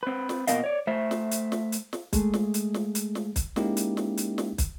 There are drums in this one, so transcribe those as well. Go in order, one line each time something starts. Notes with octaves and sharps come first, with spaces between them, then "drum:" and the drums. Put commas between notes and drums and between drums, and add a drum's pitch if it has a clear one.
C4 B4
drum: snare
A#2 B3 A#4 D#5 F5, drum: hi-hat
C#5 D5
A3 C5 E5
drum: snare
drum: hi-hat
drum: snare
drum: hi-hat
drum: snare
G#3 A3 G#4, drum: kick, hi-hat
drum: snare
drum: hi-hat
drum: snare
drum: hi-hat
drum: snare
drum: kick, hi-hat
G#3 A#3 C#4 D#4 E4 G4, drum: snare
drum: hi-hat
drum: snare
drum: hi-hat
drum: snare
drum: kick, hi-hat